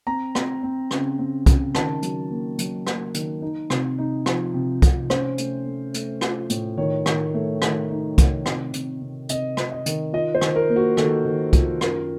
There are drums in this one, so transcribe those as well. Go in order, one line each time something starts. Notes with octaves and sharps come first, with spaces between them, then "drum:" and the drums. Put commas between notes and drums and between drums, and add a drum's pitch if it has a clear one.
C4 A#5
C4, drum: rim click
C4
C#3, drum: rim click
C4
C#3, drum: kick C2, hi-hat
D#3 A5, drum: rim click
F#3, drum: hi-hat
A#3
F#3, drum: hi-hat
A#3, drum: rim click
D#3, drum: hi-hat
D#4
C3, drum: rim click
D#4
F3, drum: rim click
C3
C3, drum: kick C2, hi-hat
C#4 C5, drum: rim click
A3, drum: hi-hat
A3
A3, drum: hi-hat
F4, drum: rim click
A2, drum: hi-hat
D#3 C#5
D#3, drum: rim click
A3
D#3, drum: rim click
D#4
D#3, drum: kick C2, hi-hat
C3, drum: rim click
C3, drum: hi-hat
C3
C3 D#5, drum: hi-hat
C3, drum: rim click
D#5
D#3, drum: hi-hat
F4 D#5
C5
D#3, drum: rim click
A#4
A#3
F#4
D#3 A4, drum: rim click
D#3
F4, drum: kick C2, hi-hat
F#2 A#4, drum: rim click